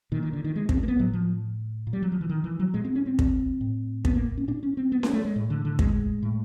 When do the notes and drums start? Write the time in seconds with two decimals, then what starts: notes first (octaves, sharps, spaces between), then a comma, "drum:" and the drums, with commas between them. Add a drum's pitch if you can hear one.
0.12 A#2 D#3
0.23 D#3
0.33 D3
0.44 D#3
0.56 G#3
0.69 C4, drum: kick
0.77 B3
0.83 A#3
0.88 B3
0.99 A2 F#3
1.13 F3
1.87 A#2
1.93 G3
2.03 F#3
2.12 F3
2.21 E3
2.29 D#3
2.44 E3
2.60 F#3
2.74 A#2 G#3
2.85 C4
2.95 C#4
3.06 C4
3.19 drum: kick
3.61 A2
4.05 B3, drum: kick
4.16 A#3
4.37 C#4
4.48 A#2 D4
4.63 C#4
4.77 C4
4.92 B3
5.03 A#3, drum: snare C#4
5.13 A3
5.25 G#3
5.36 A2
5.50 D3
5.65 D3
5.79 G#3, drum: kick
6.23 A2